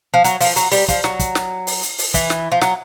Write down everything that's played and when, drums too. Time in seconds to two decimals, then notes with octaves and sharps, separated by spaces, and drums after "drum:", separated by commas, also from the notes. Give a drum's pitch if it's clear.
0.14 F3
0.24 F#3, drum: hi-hat
0.41 F3, drum: open hi-hat
0.56 F#3, drum: hi-hat
0.72 G3, drum: open hi-hat
0.88 F3, drum: kick, hi-hat
1.04 F#3, drum: snare
1.19 drum: kick, hi-hat
1.35 drum: snare
1.67 drum: open hi-hat
1.83 drum: hi-hat
1.98 drum: open hi-hat
2.14 E3, drum: kick, hi-hat
2.30 drum: snare
2.52 F3
2.61 F#3, drum: snare